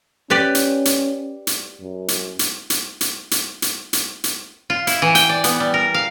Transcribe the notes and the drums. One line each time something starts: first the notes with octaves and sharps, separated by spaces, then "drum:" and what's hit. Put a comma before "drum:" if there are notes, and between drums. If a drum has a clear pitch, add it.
C#4 G4 B4 D5
drum: hi-hat
drum: hi-hat
drum: hi-hat
F#2
drum: hi-hat
drum: hi-hat
drum: hi-hat
drum: hi-hat
drum: hi-hat
drum: hi-hat
drum: hi-hat
drum: hi-hat
F4
E4, drum: hi-hat
E3
G5, drum: hi-hat
D5
B3, drum: hi-hat
G3
A#4
F5